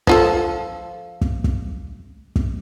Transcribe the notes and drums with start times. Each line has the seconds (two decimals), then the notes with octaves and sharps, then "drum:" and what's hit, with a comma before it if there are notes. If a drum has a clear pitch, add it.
0.07 F3 F4 A4, drum: kick
1.21 drum: kick
1.44 drum: kick
2.36 drum: kick